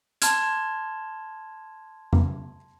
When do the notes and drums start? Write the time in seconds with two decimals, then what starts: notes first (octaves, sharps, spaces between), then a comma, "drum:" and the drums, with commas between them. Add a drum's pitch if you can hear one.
0.22 A5 C6 F6 G#6, drum: hi-hat
2.13 drum: tom F2